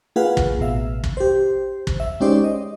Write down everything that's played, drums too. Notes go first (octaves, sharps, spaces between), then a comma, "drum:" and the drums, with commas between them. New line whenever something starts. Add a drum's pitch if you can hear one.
A#3 F4 G#4 B4 F5 F#5
drum: kick
A1 B2 E5 F5
drum: kick
G4 C5
drum: kick
E5
G#3 C#4 D#4 G4 C5 D5
D#5